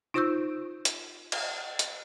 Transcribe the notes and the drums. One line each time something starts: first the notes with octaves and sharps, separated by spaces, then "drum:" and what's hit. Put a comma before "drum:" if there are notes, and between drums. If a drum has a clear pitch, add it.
D#4 F4 C5 C#6 E6 G6
drum: hi-hat
drum: cymbal
drum: hi-hat